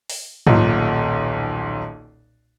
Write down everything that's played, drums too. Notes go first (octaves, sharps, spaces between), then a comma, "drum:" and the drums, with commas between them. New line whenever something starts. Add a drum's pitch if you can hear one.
drum: open hi-hat
D#1 B1 A#2, drum: tom G#2